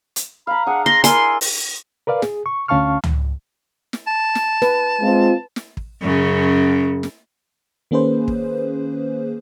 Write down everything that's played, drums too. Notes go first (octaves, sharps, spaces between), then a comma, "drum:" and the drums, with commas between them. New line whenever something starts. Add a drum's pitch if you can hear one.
drum: hi-hat
F5 A#5 B5
D4 G#4 F#5
C6 A#6
E4 A#4 D5 G#5 C6, drum: hi-hat
drum: open hi-hat
A#4 B4 D5 F5
G#4, drum: snare
C#6
D2 C#4 F5 A5 C#6 F6
drum: tom C#2
drum: snare
A5
drum: snare
B4, drum: snare
G#3 C4 F4
drum: snare
drum: kick
F#2 C#3
drum: snare
D#3 A#3 C#4 G#4 B4 C5
drum: kick